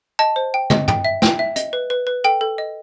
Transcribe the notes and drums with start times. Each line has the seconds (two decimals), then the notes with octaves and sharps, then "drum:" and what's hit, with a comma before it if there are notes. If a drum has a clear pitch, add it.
0.19 D#5 A5
0.36 C5
0.54 G5
0.70 D#5, drum: tom
0.88 G5, drum: tom
1.05 E5
1.22 G5, drum: snare
1.39 E5
1.56 D#5, drum: hi-hat
1.73 B4
1.90 B4
2.07 B4
2.24 A4 G5
2.41 A4
2.58 D#5